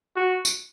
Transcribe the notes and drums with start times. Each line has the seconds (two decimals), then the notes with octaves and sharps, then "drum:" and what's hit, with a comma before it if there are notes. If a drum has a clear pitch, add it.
0.16 F#4
0.45 drum: tambourine